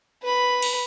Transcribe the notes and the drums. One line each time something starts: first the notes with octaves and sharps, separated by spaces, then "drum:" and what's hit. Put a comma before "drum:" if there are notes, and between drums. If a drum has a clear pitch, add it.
B4 B5
drum: cymbal